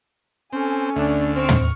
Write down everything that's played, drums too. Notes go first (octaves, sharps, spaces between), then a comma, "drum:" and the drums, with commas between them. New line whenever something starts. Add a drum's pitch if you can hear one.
C4 C#4 A4 G#5
D2 A3 D4
C4 C#6 F6
drum: tom